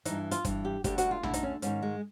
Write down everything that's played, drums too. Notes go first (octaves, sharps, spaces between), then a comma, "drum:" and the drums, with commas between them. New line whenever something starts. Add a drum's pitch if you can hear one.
G2 E3 D#4, drum: hi-hat
F4, drum: hi-hat
G2 E3, drum: kick, hi-hat
G4
D2 D3 G4, drum: kick, hi-hat
F#4, drum: hi-hat
F4
D2 D3 E4, drum: tom A#1
D#4, drum: hi-hat
C#4
G#2 D#3 C#4, drum: hi-hat
G#3